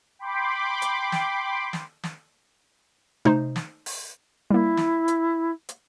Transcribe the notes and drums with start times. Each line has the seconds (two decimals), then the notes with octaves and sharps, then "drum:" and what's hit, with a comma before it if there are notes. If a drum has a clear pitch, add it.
0.19 G5 B5 C6 D6
0.82 drum: hi-hat
1.12 drum: snare
1.73 drum: snare
2.04 drum: snare
3.25 A3 D#4 C5, drum: tom C3
3.56 drum: snare
3.86 drum: open hi-hat
4.50 G3 A#3 E4
4.77 drum: snare
5.08 drum: hi-hat
5.69 drum: hi-hat